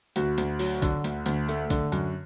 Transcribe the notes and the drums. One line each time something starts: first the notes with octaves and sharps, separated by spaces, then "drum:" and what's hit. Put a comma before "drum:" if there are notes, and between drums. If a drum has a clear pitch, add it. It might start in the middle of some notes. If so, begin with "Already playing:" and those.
D2 F#4, drum: hi-hat
D2, drum: hi-hat
F#3, drum: open hi-hat
D3, drum: kick, hi-hat
D2, drum: hi-hat
D2, drum: hi-hat
A3, drum: hi-hat
D3, drum: kick, hi-hat
F#2, drum: hi-hat